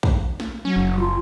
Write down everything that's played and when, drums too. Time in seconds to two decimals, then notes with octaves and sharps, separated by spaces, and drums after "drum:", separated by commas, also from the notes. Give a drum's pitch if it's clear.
0.03 drum: kick
0.40 drum: snare
0.65 F#3 C#4
0.76 F#1
0.99 F4